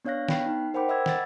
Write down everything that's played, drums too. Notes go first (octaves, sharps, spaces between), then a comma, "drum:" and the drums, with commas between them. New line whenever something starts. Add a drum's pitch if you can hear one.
B3 D4 C#5 F5 F#6 A#6
B3 G5 B5 F#6 C7, drum: snare
D#4
A#4 C5 F#5 G5 B5 D6
D#5 E5 B5 D6 E6 G#6
F#5 A6, drum: snare